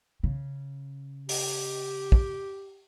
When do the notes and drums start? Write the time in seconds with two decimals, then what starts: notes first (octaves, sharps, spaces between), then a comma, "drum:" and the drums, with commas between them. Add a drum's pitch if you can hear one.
0.23 C#3
1.29 G4, drum: open hi-hat
2.12 drum: kick